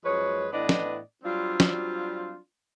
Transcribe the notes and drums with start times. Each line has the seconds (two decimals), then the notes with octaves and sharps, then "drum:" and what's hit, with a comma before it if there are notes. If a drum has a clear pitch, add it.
0.05 F#2 F3 G#3 B4 C#5
0.53 A2 E3 B3 D4 D5 D#5
0.69 drum: snare
1.24 F#3 G3 C4 D4 F4
1.60 drum: snare